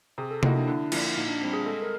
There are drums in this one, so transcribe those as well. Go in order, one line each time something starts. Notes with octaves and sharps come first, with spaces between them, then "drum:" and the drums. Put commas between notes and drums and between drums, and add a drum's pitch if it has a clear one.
C3 G#4
A4
F3 A#3 D#4 E4 F#4, drum: tom C3
D4
D3 E4
F3 A#3 D4 E4, drum: cymbal
A#2 D#4
D4
G3 C4
G#4
G#3 A4
A#4